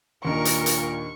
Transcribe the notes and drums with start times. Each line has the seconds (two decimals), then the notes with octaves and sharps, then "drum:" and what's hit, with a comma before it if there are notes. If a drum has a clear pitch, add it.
0.25 D#2 A#2 D4 A#4 D#5 C#6
0.45 drum: hi-hat
0.66 drum: hi-hat